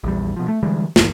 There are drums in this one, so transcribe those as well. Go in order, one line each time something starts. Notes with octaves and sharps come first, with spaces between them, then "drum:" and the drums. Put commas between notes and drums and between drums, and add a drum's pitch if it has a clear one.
A#1 E2 G3
B2 F3
A3
D3 E3 G3 G#3
D1 G1 E2 A#3, drum: snare